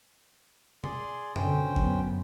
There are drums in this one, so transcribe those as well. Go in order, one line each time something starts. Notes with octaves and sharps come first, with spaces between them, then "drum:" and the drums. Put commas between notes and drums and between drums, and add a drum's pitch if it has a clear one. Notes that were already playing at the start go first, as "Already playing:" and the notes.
G#4 D5 C6, drum: tom B2
B2 D3 C#4 C5 G5, drum: tom F#2
F#2 B3, drum: kick